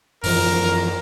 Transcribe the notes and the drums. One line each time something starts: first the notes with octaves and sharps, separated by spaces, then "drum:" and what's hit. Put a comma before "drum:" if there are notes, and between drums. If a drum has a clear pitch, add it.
F#2 E3 F3 A#4, drum: open hi-hat